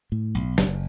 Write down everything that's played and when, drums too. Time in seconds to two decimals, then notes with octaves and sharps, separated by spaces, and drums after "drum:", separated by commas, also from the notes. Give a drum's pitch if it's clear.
0.12 A2
0.35 B1
0.58 F#1, drum: snare